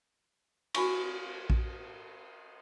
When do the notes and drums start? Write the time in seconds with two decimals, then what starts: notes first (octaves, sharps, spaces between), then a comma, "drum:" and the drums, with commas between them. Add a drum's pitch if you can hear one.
0.75 F#4 G#5 C#6, drum: cymbal
1.50 drum: kick A#1